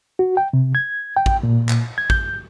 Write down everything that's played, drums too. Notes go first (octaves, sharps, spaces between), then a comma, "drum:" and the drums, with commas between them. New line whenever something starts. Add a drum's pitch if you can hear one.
F#4
G5
C3
G#6
G5
drum: kick
A#2
drum: clap
G#6
G6, drum: kick